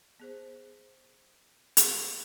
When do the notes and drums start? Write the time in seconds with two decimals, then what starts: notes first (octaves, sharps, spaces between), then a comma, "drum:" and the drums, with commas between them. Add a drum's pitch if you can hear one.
0.20 B3 G#4 C5
1.77 drum: hi-hat